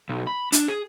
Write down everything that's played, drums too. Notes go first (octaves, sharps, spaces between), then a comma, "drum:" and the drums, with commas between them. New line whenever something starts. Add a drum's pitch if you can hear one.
B1
B5
D4, drum: hi-hat
G#4